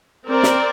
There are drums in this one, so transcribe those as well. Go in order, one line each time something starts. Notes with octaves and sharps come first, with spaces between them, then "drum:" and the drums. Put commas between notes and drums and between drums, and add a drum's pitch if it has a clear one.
C4 A#4 D5
drum: snare